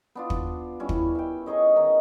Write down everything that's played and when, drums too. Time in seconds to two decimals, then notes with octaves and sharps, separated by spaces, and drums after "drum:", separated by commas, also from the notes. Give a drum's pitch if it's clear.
0.15 B3 D4 F4
0.30 drum: kick
0.80 G3 C#4 E4
0.89 drum: kick
1.15 E5 G5
1.46 D#4 G#4 C#5 D#5
1.76 D#3 A#5